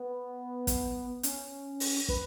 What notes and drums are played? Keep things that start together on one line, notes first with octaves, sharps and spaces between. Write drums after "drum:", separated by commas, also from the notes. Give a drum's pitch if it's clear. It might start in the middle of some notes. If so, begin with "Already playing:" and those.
Already playing: B3
drum: kick, hi-hat
C#4, drum: hi-hat
drum: open hi-hat
B4, drum: kick